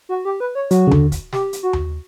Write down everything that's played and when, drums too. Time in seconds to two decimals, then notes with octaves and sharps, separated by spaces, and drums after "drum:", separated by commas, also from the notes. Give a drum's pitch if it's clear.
0.09 F#4
0.25 G4
0.40 B4
0.55 C#5
0.71 F#3 F#4, drum: hi-hat
0.87 C#3
0.91 D3, drum: tom D#2
1.12 drum: kick, hi-hat
1.33 G4, drum: snare
1.53 drum: hi-hat
1.63 F#4
1.73 drum: tom D#2